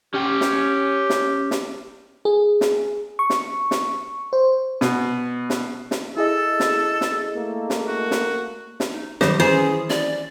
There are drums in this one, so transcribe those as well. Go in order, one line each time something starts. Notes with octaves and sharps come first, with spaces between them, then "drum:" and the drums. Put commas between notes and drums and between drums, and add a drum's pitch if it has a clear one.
C#4 G4 G5
drum: snare
drum: snare
drum: snare
G#4
drum: snare
C#6
drum: snare
drum: snare
C5
B2, drum: snare
drum: snare
drum: snare
E4 G#4 A4 D#5
drum: snare
drum: snare
A3 A#3
drum: snare
F#4
drum: snare
drum: snare
D#4
C3 D#3 F#3 G3 D#4 G4 C5, drum: snare
E3 C#4 E4 G#4 C5 G#5
D5, drum: snare